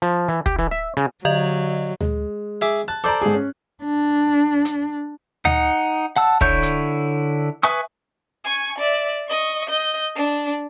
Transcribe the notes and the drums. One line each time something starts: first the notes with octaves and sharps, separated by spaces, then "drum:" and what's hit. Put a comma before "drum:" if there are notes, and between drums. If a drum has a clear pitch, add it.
F3
E3
G4, drum: kick
E3
E5
C#3
D3 F#3 D5 D#5
G#3, drum: tom D2
G#4 E5 D6
A5 F#6
A4 C5 D5 A#5 D6
G#2 G#4
C#4
D4
drum: hi-hat
D#4 F#5, drum: tom D2
F#5 A5 E6
D3 E4 C#5 C#6 G6, drum: kick
drum: hi-hat
B4 E5 G#5 C#6 D#6
G#5 C#6
D5 E5
D#5 C#6
D#5 G6
D4